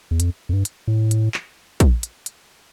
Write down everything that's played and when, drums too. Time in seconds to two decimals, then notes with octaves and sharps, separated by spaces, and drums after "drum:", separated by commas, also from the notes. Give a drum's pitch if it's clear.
0.11 E2
0.20 F2, drum: hi-hat
0.49 F2
0.53 G2
0.65 drum: hi-hat
0.88 A2
1.11 drum: hi-hat
1.34 drum: clap
1.80 drum: kick, hi-hat
2.03 drum: hi-hat
2.26 drum: hi-hat